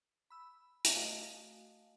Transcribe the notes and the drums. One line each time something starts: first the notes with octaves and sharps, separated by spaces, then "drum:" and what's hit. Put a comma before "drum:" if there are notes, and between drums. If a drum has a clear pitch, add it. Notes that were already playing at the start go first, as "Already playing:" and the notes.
B5 E6
drum: hi-hat
A3 F#4 D#5 F5 G#5 A5